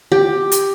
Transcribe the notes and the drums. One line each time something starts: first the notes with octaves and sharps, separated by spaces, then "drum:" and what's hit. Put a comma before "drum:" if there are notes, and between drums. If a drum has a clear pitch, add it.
G4
drum: hi-hat